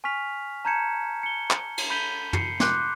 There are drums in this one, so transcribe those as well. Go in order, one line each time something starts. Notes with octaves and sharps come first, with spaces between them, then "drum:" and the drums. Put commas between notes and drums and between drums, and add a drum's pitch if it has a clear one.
G#5 C#6 F6 B6 F7
A5 A#5 G6 G#6 C#7 E7
C#7 G7
drum: clap
drum: cymbal
B5 G6 B6 D#7 F#7 G7
C7 C#7, drum: tom
C6 D6 F#6 G6, drum: snare